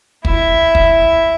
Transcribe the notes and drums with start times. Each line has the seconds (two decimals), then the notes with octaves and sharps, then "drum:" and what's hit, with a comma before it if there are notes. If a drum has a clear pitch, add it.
0.25 E4 E5, drum: kick
0.75 drum: kick